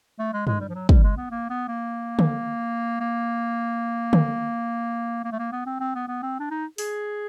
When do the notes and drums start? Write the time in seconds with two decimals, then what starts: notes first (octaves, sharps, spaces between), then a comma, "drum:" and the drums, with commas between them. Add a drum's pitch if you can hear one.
0.19 A3
0.33 G#3
0.47 G#3, drum: tom G2
0.61 G3
0.69 F3
0.75 F#3
0.89 G3, drum: kick
1.03 G#3
1.17 B3
1.31 A#3
1.50 B3
1.68 A#3
2.19 drum: tom D3
3.00 A#3
4.13 drum: tom D3
5.24 A#3
5.32 A3
5.39 A#3
5.52 B3
5.66 C4
5.80 C4
5.95 B3
6.08 B3
6.23 C4
6.40 D4
6.51 D#4
6.78 G#4, drum: open hi-hat